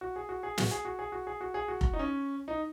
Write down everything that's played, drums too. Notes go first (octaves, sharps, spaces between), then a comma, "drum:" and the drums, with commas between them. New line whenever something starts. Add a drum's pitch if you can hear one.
F#4
G#4
F#4
G#4
F#4, drum: snare
G#4
F#4
G#4
F#4
G#4
F#4
G#4
F#4
drum: kick F1
D#4
C#4
D#4